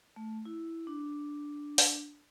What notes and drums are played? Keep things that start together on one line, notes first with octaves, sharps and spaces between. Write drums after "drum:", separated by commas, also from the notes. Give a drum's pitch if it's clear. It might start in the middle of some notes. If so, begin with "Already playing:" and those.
A3
E4
D4
drum: open hi-hat